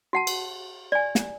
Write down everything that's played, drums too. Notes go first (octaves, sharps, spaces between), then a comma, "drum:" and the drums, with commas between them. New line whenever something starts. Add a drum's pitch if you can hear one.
F#4 F#5 A5
drum: cymbal
D5 G#5
drum: snare